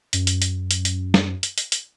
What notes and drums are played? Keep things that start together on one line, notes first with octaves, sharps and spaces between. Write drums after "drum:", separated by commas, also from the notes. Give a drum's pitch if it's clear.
F#2, drum: hi-hat
drum: hi-hat
drum: hi-hat
drum: hi-hat
drum: hi-hat
drum: snare
drum: hi-hat
drum: hi-hat
drum: hi-hat